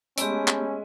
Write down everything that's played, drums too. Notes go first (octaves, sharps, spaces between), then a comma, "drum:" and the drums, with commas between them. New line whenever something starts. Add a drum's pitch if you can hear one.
G#3 A3 B3 C#4 G4 E5, drum: hi-hat
drum: clap